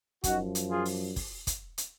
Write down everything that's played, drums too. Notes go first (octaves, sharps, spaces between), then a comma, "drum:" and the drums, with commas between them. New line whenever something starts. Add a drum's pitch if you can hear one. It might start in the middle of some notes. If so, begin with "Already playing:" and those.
F#2 F3 D#4 F#4, drum: kick, hi-hat
drum: hi-hat
F4 G#4
drum: open hi-hat
drum: kick, open hi-hat
drum: kick, hi-hat
drum: hi-hat